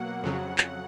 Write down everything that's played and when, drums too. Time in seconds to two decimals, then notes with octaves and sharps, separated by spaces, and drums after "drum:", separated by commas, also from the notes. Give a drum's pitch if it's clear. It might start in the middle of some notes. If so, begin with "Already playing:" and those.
Already playing: B2 F#3 A#3 F#5
0.23 F2 C#3 F#3
0.58 drum: clap